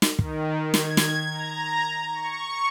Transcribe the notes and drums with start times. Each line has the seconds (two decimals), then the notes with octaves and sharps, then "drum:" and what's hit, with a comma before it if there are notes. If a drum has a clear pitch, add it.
0.02 drum: snare
0.19 D#3, drum: kick
0.74 G#6, drum: snare
0.97 drum: snare
1.31 A#5
2.13 C#6